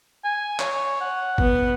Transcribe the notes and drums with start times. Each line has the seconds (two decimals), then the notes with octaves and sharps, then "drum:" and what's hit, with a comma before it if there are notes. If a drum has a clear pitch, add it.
0.24 G#5
0.60 C#5, drum: clap
1.01 F#5
1.38 B3, drum: kick